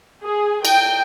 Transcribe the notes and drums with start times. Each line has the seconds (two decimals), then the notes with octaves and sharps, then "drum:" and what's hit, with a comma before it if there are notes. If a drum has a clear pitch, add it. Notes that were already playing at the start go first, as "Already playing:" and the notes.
0.23 G#4
0.65 G5, drum: cymbal